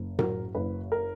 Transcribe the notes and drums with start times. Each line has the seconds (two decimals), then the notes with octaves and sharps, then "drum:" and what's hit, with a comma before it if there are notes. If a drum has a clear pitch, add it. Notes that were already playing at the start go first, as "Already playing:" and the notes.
Already playing: F#1
0.19 F#3 A#4, drum: tom A2
0.55 F#1 B4
0.92 A#4